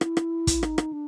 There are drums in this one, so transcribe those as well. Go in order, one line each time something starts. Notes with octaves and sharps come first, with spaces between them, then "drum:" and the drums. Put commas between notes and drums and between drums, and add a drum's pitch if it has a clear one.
E4, drum: rim click
drum: rim click
drum: kick, hi-hat
D#4, drum: rim click
drum: rim click
D4